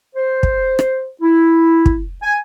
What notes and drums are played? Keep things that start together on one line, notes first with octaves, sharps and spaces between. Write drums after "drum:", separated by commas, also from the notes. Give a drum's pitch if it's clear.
C5
drum: kick
drum: rim click
E4
drum: kick
G#5